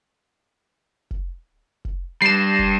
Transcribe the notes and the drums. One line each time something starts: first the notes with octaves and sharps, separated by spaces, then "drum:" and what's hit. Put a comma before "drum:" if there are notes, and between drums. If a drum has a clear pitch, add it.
drum: kick
drum: kick
G2 G3 C7 E7
drum: kick